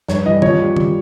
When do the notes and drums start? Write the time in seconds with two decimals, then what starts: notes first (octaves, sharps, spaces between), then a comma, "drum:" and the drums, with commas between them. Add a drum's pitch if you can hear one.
0.08 G2 C#5, drum: snare
0.26 E3 G3 D#5
0.42 A#2 C#5, drum: tom
0.60 G3
0.77 drum: tom